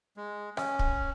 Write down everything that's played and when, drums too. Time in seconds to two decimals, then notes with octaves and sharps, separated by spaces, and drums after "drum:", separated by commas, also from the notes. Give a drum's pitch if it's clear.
0.17 G#3
0.57 C#4, drum: rim click
0.79 drum: kick